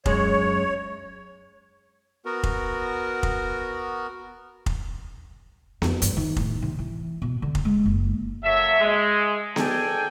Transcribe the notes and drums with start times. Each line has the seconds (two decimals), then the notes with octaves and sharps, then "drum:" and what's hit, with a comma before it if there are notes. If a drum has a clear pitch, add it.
0.06 F#2 G#3 C#5, drum: kick F1
2.25 B3 F#4 A#4
2.43 drum: kick F1
3.23 drum: kick F1
4.66 drum: kick F1
5.82 F2, drum: snare B3
6.02 G2, drum: hi-hat
6.17 D#3
6.37 A2, drum: kick F1
6.62 C3
6.79 E3
7.22 B2
7.42 D3
7.55 drum: kick F1
7.65 G#3
7.86 F#1
8.44 F#3 A#3 A4 C#5 E5
8.80 G#3
9.56 G#4 A4 D5 G5 G#5, drum: snare B3